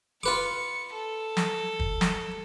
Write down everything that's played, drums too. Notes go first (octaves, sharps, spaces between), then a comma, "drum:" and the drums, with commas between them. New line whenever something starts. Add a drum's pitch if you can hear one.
F4 B4 D6 C#7
A4
drum: snare
drum: kick
drum: snare